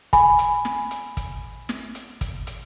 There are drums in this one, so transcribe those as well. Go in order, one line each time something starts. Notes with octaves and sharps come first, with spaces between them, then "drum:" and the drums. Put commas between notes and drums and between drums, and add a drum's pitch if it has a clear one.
G#5 B5, drum: kick, hi-hat
drum: hi-hat
drum: snare
drum: hi-hat
drum: kick, hi-hat
drum: snare
drum: hi-hat
drum: kick, hi-hat
drum: hi-hat